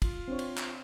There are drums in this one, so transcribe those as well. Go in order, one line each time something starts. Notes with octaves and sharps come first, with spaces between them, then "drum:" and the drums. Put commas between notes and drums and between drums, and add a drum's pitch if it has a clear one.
F4, drum: kick, cymbal
C4 D4 C#5
drum: cymbal
drum: clap